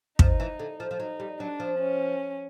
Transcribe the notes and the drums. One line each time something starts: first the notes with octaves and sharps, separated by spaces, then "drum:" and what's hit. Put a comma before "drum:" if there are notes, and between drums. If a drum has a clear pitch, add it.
F3 D#4, drum: kick
E3
D3
F3
F3
F#3 D#4
G3
F#3 D4
F3
C#4